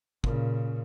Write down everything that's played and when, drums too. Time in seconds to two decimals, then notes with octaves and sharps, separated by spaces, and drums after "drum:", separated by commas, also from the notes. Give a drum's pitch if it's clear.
0.24 A#2 C#3, drum: kick